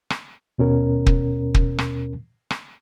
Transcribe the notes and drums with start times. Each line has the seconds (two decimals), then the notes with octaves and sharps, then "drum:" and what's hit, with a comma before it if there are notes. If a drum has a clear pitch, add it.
0.10 drum: rim click
0.58 D#2 B2 C#4 A#4
1.06 drum: kick
1.54 drum: kick
1.78 drum: rim click
2.51 drum: rim click